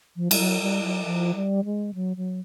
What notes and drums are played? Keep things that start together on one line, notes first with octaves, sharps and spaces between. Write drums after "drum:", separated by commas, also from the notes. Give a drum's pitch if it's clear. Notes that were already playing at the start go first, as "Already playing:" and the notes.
F3
G3, drum: cymbal
F#3
G3
F#3
F3
G3
G#3
F#3
F#3